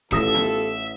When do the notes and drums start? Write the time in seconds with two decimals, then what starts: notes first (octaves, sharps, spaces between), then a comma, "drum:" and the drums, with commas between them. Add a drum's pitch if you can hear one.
0.12 A1 F4 G4 A4 E5 D#6 A#6, drum: kick
0.35 drum: snare B3